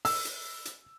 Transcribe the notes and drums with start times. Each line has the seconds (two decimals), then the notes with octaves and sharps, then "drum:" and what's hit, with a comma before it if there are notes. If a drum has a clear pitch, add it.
0.05 E6, drum: open hi-hat
0.25 drum: hi-hat
0.65 drum: hi-hat